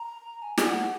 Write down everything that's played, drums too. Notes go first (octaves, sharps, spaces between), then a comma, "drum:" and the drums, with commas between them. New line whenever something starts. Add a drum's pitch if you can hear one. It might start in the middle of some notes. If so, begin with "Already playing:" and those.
Already playing: A#5
G#5
G#5, drum: snare
F#5